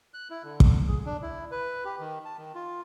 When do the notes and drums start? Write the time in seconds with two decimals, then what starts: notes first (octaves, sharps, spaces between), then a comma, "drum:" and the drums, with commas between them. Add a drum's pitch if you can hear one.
0.14 F#6
0.30 E4
0.44 D3
0.60 drum: kick
0.88 G#4
1.05 D4
1.22 E4
1.51 B4
1.85 G4
2.00 D#3
2.25 A5
2.37 D#3
2.55 F4